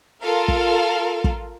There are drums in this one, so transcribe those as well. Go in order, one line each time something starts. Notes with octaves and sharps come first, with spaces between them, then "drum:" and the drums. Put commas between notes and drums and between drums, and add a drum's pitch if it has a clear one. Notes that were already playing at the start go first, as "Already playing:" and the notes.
F4 A4 A#4 F5
drum: kick
drum: kick